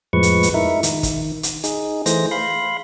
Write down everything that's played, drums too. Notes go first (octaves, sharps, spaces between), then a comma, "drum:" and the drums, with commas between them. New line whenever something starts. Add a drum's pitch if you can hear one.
F2 A2 F3 G#3 B4 C#6
drum: hi-hat
drum: hi-hat
D#4 E4 A#4 E5
D#3, drum: hi-hat
drum: kick, hi-hat
drum: hi-hat
D#4 G#4, drum: hi-hat
E3 A3 G#4 C5 A#6, drum: hi-hat
F5 B5 C6